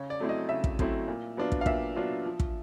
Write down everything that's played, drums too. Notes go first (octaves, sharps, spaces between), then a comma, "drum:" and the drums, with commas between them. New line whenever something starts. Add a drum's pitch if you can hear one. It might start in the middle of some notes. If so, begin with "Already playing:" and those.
Already playing: C#3 C#5
D5
F#3 A3 C4 E4
D#5
C#3 E5
drum: kick
F#3 A3 C4 E4, drum: kick
A#2
F#3 B3 D4 F4
drum: kick
F5
A#2 E5, drum: kick
F#3 B3 D4 F4
F3
drum: kick